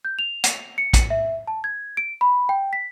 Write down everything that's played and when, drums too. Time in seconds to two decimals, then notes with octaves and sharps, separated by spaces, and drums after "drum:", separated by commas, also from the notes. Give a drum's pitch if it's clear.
0.05 G6
0.19 F7
0.44 drum: hi-hat
0.78 C#7
0.93 drum: kick A#1, hi-hat
1.10 E5
1.47 A5
1.64 G#6
1.97 D7
2.21 B5
2.49 G5
2.73 B6